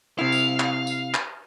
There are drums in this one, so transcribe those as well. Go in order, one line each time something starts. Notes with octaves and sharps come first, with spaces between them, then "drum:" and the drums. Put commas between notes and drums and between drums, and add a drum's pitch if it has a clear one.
C3 E4 F5
drum: tambourine
drum: clap
drum: tambourine
drum: clap